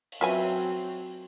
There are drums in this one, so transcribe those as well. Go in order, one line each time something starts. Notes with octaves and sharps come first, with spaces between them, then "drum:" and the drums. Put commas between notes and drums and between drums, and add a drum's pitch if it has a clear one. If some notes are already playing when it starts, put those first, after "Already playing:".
drum: open hi-hat
F#3 C4 C#4 F4 B4 E5 G#5